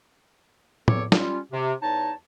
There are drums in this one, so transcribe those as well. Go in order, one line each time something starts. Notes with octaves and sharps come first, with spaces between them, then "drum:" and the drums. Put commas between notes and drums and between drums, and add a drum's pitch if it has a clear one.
E2 B3 C4 A4 C#5 D6, drum: tom A2
G3 C#4 F4, drum: snare
C3
E2 D#4 C#5 A5